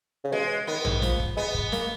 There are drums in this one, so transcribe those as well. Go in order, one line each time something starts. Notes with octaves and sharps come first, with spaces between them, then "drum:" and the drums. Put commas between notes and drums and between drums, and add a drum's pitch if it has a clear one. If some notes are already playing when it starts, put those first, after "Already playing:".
C#3
B2 G#3
D#3 B3
drum: tom A#1
F3, drum: snare
drum: kick
G#3 B3
drum: kick
A#3, drum: snare